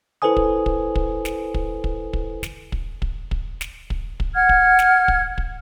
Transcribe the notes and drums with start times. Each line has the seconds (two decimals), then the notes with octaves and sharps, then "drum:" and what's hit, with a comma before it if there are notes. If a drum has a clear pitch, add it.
0.22 E4 A4 B4 C5 G#5 D#6
0.36 drum: kick
0.66 drum: kick
0.95 drum: kick
1.25 drum: snare
1.54 drum: kick
1.84 drum: kick
2.13 drum: kick
2.43 drum: snare
2.72 drum: kick
3.02 drum: kick
3.31 drum: kick
3.61 drum: snare
3.90 drum: kick
4.20 drum: kick
4.34 F#5 F6 G#6
4.49 drum: kick
4.79 drum: snare
5.08 drum: kick
5.38 drum: kick